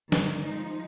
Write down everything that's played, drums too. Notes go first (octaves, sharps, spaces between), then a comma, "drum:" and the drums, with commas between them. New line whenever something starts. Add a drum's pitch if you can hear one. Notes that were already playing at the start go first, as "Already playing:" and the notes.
G2 D3 D#3, drum: snare
F3 G#3 D#4